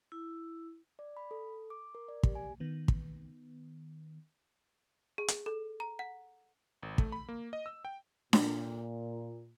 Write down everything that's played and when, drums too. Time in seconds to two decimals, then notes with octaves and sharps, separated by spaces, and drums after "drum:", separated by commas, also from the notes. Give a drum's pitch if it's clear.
0.12 E4
0.99 D5
1.17 B5
1.31 A4
1.70 D6
1.95 A#4
2.09 D5
2.23 G4, drum: kick
2.35 G#5
2.60 D#3 B3
2.88 drum: kick
5.18 G#4
5.28 drum: hi-hat
5.46 A4
5.80 A#5
5.99 F#5
6.83 G#1
6.98 A3, drum: kick
7.12 B5
7.28 A#3
7.53 D#5
7.66 E6
7.85 G5
8.33 A#2, drum: snare D4